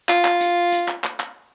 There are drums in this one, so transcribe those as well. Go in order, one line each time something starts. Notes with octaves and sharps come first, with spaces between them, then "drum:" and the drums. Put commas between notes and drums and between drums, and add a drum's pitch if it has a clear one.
F4, drum: clap
drum: clap
drum: hi-hat
drum: hi-hat
drum: clap
drum: clap
drum: clap